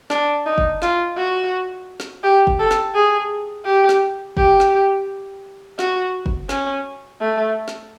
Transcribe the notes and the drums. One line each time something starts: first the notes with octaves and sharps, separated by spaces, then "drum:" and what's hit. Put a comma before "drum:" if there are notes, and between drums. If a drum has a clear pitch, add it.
D4, drum: snare
D#4
drum: kick F#1
F4, drum: snare
F#4
drum: snare
G4
drum: kick F#1
A4
drum: snare
G#4
G4
drum: snare
G4, drum: kick F#1
drum: snare
F#4, drum: snare
drum: kick F#1
C#4, drum: snare
A3
drum: snare